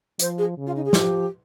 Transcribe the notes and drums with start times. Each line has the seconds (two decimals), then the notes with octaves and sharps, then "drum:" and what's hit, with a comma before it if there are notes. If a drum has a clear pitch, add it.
0.19 F3 C5, drum: hi-hat
0.38 G#4
0.57 C#3
0.66 F4
0.75 D#4
0.85 G#4
0.93 F3 G4, drum: snare